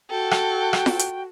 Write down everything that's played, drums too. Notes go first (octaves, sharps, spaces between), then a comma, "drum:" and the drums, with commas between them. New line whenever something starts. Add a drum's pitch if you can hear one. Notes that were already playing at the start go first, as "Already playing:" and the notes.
F#4 A4 G5
drum: rim click
drum: rim click
drum: snare F4
drum: hi-hat